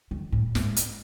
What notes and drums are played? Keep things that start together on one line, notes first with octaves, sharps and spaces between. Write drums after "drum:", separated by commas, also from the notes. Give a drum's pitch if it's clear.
D#3
A2
G#2, drum: snare
drum: hi-hat